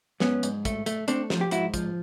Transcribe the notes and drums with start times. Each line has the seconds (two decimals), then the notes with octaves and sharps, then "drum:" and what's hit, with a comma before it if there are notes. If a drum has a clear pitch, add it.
0.20 G#2 B3 C#4, drum: snare
0.43 G#2, drum: hi-hat
0.65 A3, drum: kick, hi-hat
0.86 A3, drum: hi-hat
1.08 A3 C4 D4, drum: hi-hat
1.30 F3, drum: snare
1.41 G4
1.51 G#2 E4 F#4, drum: hi-hat
1.74 F3, drum: kick, hi-hat